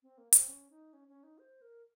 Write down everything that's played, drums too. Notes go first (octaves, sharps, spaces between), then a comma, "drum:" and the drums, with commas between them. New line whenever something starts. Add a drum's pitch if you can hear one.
C4
A#3
C4, drum: hi-hat
C#4
D#4
C#4
C#4
D#4
C5
A#4